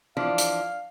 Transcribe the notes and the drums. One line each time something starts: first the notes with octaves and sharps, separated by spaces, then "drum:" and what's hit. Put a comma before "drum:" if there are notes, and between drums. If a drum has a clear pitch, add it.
E3 F3 D4 F5
drum: hi-hat